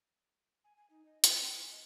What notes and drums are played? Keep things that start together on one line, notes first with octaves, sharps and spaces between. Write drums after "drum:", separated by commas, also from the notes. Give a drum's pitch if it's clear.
G#5
G#5
D#4
D#5
C#4, drum: hi-hat
C#4
G#5
D#5